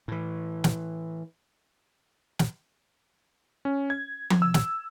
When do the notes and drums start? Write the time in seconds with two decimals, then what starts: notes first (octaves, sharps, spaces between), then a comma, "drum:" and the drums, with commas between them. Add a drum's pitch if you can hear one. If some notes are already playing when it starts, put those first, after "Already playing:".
0.08 A2 E3
0.64 drum: snare
2.39 drum: snare
3.65 C#4
3.90 G#6
4.30 drum: tom F3
4.42 E6
4.54 drum: snare